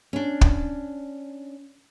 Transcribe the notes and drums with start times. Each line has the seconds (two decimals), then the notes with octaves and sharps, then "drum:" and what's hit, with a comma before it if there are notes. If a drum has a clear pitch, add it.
0.13 C#4 D4
0.41 drum: kick